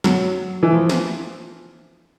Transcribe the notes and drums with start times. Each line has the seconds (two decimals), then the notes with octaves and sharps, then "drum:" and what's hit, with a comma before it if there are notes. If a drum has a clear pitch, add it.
0.04 F#3, drum: snare
0.63 E3
0.73 F3
0.89 drum: snare